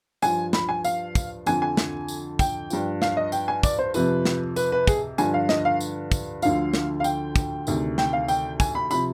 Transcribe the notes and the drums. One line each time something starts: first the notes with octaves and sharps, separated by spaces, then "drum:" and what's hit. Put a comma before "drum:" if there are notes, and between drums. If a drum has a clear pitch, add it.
G2 F3 G#5, drum: tambourine
B5, drum: snare
G#5
F5, drum: tambourine
drum: kick, tambourine
F2 D3 F3 G#5, drum: tambourine
G#5
drum: snare
drum: tambourine
G5, drum: kick, tambourine
G2 F3, drum: tambourine
F5, drum: snare
D#5
G5, drum: tambourine
G#5
D5, drum: kick, tambourine
C5
F2 C3 F3 B4, drum: tambourine
drum: snare
B4, drum: tambourine
B4
G#4, drum: kick, tambourine
G2 D3 F3 G#5, drum: tambourine
F5
D#5, drum: snare
F5
drum: tambourine
drum: kick, tambourine
D2 D3 F3 F5, drum: tambourine
drum: snare
F5
G5, drum: tambourine
drum: kick, tambourine
D2 C3 D#3, drum: tambourine
G5, drum: snare
F5
G5, drum: tambourine
G#5, drum: kick, tambourine
B5
C3 F3 B5, drum: tambourine